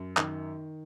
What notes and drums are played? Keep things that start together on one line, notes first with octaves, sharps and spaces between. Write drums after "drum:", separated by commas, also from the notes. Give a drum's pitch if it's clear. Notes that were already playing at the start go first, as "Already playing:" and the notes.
Already playing: F#2
D#3, drum: clap